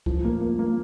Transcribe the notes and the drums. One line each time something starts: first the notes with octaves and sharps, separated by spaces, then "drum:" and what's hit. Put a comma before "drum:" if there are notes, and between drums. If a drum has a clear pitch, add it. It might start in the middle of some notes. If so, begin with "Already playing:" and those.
F3, drum: kick C#2
A#3
A#3
A#3